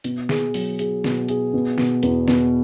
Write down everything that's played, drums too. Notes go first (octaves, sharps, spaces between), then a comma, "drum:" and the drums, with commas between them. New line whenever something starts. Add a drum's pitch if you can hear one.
B2, drum: hi-hat
G#4, drum: snare
F#3, drum: open hi-hat
G#4, drum: hi-hat
B2, drum: snare
G#4, drum: hi-hat
B2
B2, drum: snare
E2, drum: hi-hat
B2, drum: snare